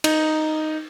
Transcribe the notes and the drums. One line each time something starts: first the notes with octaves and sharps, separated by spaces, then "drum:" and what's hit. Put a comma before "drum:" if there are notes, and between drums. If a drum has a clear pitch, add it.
D#4, drum: cymbal